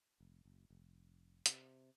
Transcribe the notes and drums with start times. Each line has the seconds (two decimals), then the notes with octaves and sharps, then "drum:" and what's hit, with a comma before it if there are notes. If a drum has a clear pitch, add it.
0.20 F1
0.45 F#1
0.70 F1
1.46 C3, drum: hi-hat